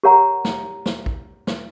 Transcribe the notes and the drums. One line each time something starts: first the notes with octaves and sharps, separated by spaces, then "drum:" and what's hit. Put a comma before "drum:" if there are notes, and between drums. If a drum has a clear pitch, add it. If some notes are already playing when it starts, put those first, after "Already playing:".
G4 A#4 C#5 F#5 A#5
drum: snare
drum: snare
drum: kick
drum: snare